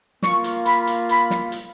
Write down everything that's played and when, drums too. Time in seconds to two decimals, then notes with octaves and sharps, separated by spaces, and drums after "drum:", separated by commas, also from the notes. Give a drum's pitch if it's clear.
0.22 A#3 F4 C#6, drum: snare
0.44 drum: hi-hat
0.66 B5, drum: hi-hat
0.87 drum: hi-hat
1.09 B5, drum: hi-hat
1.30 drum: snare
1.52 drum: hi-hat